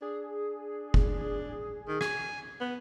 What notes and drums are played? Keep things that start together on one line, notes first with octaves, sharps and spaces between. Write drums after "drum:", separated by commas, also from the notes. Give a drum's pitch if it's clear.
D4 G#4
drum: kick F1
D#3
G#5, drum: rim click
B3 B4